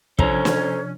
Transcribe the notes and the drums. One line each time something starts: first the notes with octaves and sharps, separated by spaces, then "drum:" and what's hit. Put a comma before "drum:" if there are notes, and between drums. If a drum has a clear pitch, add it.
C3 F3 C#4 D4 A4 C5 C#5 A#5, drum: kick
drum: snare